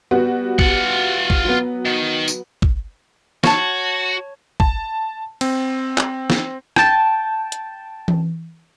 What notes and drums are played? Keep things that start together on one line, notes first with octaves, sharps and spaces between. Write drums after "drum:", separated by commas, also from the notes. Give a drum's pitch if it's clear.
G3 B3 F#4
F4 F#5, drum: kick
drum: kick
F#3 B3
D#3
drum: tambourine
drum: kick
F#4 C#5 A5, drum: snare
A5, drum: kick
C4, drum: cymbal
drum: clap
drum: snare
G5 A5, drum: rim click
drum: hi-hat
drum: tom E3